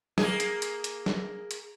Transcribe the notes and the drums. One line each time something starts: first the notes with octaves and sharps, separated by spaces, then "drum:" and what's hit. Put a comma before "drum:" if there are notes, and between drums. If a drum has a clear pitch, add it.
A#3 G#4, drum: snare
drum: hi-hat
drum: hi-hat
drum: hi-hat
drum: snare
drum: hi-hat